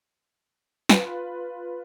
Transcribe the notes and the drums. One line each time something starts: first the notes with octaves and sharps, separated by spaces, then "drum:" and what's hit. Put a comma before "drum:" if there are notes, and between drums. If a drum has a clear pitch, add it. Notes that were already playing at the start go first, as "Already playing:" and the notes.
F4 B4, drum: snare